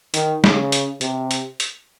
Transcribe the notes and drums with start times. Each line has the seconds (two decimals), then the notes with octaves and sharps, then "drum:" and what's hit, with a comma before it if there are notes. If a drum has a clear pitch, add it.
0.14 D#3, drum: hi-hat
0.44 C#3, drum: snare
0.72 drum: hi-hat
1.01 C3, drum: hi-hat
1.31 drum: hi-hat
1.60 drum: hi-hat